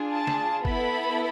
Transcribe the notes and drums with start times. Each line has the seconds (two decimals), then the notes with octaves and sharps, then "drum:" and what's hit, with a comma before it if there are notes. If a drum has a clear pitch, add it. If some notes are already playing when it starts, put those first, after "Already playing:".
Already playing: D4 F4 G#4
0.14 A5
0.27 drum: snare
0.65 B3 E4 A4 B5, drum: kick G1